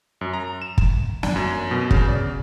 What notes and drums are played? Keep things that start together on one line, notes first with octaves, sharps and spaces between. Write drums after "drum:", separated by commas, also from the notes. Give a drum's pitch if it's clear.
F#2
A#5
E7
drum: kick
D4, drum: snare
F#2
B2
C#3, drum: kick
D5